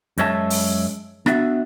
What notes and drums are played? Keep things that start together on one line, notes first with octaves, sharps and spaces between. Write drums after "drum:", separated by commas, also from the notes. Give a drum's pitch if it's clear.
F#2 G#3 C#5 E5 A5, drum: hi-hat
drum: open hi-hat
B3 D4 F#4 E5 F#5, drum: rim click